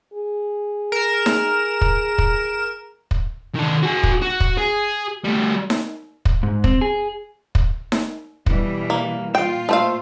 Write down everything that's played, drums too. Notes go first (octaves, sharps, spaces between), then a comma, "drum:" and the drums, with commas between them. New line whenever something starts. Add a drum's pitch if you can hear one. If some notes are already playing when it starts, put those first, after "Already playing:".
G#4
A#4 E7
drum: snare D#4
drum: kick
drum: kick
drum: kick
D#3 A4
F#4 G#4
drum: kick
F#4
drum: kick
G#4
G3 A3
drum: snare D#4
drum: kick
G#2
C4, drum: kick
G#4
drum: kick
drum: snare D#4
B2 E3 G3, drum: kick
A#3
A#2 F4 G5
A3 C5 F5